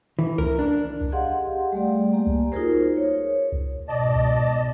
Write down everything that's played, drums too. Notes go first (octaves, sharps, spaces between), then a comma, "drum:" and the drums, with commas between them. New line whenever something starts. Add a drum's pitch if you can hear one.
E3
A#4, drum: kick C2
D4
drum: kick C2
G4 G#4 D#5 F5 F#5 C6
G3 A3 D5
A#3 G4 G#5
drum: kick C2
D#4 F4 F#4 G#4 A#4 C5
C#5
drum: kick C2
G#2 B2 D5 D#5 A5
drum: kick C2